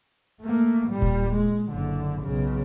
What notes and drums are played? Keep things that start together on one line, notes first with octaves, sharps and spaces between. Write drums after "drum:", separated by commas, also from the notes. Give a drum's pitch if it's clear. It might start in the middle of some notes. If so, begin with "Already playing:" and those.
A3 A#3
A#2 G3
drum: kick D#1
G#3
F#1 D3
B1 C#3